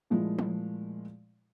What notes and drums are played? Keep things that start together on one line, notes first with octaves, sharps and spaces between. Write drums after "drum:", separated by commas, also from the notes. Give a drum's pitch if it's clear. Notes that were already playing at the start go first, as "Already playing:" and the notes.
A#2 F3 G#3 A3 E4
drum: tom F3